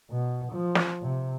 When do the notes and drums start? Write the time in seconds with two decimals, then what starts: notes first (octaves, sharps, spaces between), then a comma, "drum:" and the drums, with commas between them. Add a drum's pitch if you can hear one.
0.11 B2
0.53 F3
0.75 drum: snare
1.02 C3